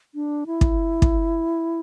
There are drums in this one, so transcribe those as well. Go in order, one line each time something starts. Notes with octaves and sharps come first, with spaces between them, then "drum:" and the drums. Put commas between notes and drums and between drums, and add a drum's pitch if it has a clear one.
D4
E4
drum: kick
drum: kick